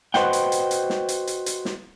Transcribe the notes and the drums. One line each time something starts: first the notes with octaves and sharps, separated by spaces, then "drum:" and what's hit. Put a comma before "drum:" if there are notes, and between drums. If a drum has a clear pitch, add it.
F#4 B4 C5 D#5 F#5 G5, drum: snare
drum: hi-hat
drum: hi-hat
drum: hi-hat
drum: snare
drum: hi-hat
drum: hi-hat
drum: hi-hat
drum: snare